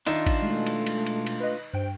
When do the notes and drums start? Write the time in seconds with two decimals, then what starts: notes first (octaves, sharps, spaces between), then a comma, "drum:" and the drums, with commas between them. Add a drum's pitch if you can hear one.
0.06 D#3 D4 D#4 F4 E5, drum: cymbal
0.26 drum: kick A1, cymbal
0.42 B2 G#3 A3
0.66 drum: cymbal
0.86 drum: cymbal
1.06 drum: cymbal
1.27 drum: cymbal
1.40 B4 D#5
1.74 G2 C5 G5